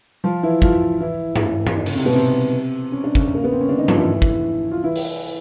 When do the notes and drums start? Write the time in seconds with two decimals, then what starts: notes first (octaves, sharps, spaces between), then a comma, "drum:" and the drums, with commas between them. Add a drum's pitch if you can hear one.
0.24 F3 F4
0.43 E3 E4
0.62 F3 F4, drum: kick
1.00 E3 E4
1.36 drum: tom G2
1.67 drum: tom G2
1.77 D#3 D#4
1.86 C#3 C#4, drum: cymbal
1.96 C3 C4
2.05 B2 B3
2.15 C3 C4
2.92 C#4
3.04 D4
3.15 C#3 C#4, drum: kick
3.35 A#3
3.44 B3
3.52 C4
3.60 C#4
3.69 D3 D4
3.78 D#3 D#4
3.88 F3 F4, drum: tom G2
3.97 E3 E4
4.22 drum: kick
4.71 F4
4.84 E3 E4
4.96 drum: open hi-hat